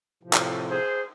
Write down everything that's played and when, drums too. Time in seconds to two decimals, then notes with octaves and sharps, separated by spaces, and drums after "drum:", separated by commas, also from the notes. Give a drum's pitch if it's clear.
0.23 A2 C3 F3
0.33 drum: clap
0.68 G#4 C5